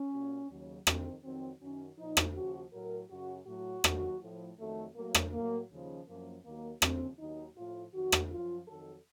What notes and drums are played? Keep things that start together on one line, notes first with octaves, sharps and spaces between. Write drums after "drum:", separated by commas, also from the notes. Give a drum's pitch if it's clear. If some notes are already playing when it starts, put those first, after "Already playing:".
Already playing: C#4
A#2 F#3
D#2 C#3 F#3
F2 C3 D#3 C4, drum: rim click
F2 D#3 F#3 C4
F#2 D#3 F#3 C#4
A#2 F3 D#4
drum: rim click
D#2 C#3 F3 F#4
A2 F#3 A#4
F#2 C#3 F#3 F#4
A2 F#3 F#4
D#2 D#3 F#3, drum: rim click
A2 F3
F2 D#3 F#3 A3
A2 F#3 A#3
drum: rim click
A2 F#3 A#3
D#2 C#3 F3
F#2 F3 A#3
D#2 D#3 F#3 A#3
D#2 C#3 F3 C4, drum: rim click
D#2 D#3 F#3 D#4
A2 F3 F4
F2 D#3 F#3 F#4
drum: rim click
F#2 F3 F4
F2 D#3 F#3 A4